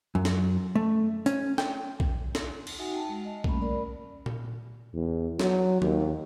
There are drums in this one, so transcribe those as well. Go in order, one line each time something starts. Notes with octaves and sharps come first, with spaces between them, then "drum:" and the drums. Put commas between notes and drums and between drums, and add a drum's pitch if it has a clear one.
F#2
drum: snare
A3
C#4, drum: hi-hat
G5, drum: snare
drum: kick B1
drum: snare
drum: cymbal
D#4 F#4 E5 F#5 G#5
G5 A5
G#3
D#5 A5
G3 A3 A#3 C#4 B5, drum: kick B1
A#4 D5 B5
drum: tom A#2
E2
F#3, drum: snare
D#2, drum: tom